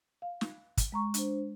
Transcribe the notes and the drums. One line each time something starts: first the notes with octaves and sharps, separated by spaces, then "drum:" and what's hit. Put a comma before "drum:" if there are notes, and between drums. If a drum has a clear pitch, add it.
F5
drum: snare
drum: kick, hi-hat
G#3 A#5 C#6
D4 C5, drum: hi-hat